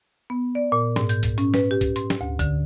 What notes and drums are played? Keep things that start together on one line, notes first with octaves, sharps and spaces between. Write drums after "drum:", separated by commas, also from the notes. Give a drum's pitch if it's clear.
B3
D5
A#2
G#2, drum: snare
G6, drum: hi-hat
drum: kick C2, hi-hat
C#4, drum: hi-hat
B4, drum: snare
G4
drum: kick C2, hi-hat
C6, drum: hi-hat
drum: snare
D2
D3, drum: kick C2, hi-hat